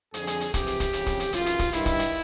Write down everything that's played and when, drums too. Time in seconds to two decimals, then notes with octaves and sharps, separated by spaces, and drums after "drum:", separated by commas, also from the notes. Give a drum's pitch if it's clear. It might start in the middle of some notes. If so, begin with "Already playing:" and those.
0.14 F2 D3 G#4, drum: hi-hat
0.27 drum: hi-hat
0.40 drum: hi-hat
0.54 F2 C3 E3 G4, drum: kick, hi-hat
0.67 drum: hi-hat
0.80 drum: kick, hi-hat
0.93 F2 C#3 E3, drum: hi-hat
1.07 drum: kick, hi-hat
1.20 drum: hi-hat
1.33 F#2 C#3 E3 F4, drum: hi-hat
1.46 drum: hi-hat
1.59 drum: kick, hi-hat
1.73 G2 D#3 E4, drum: hi-hat
1.86 drum: kick, hi-hat
1.99 drum: hi-hat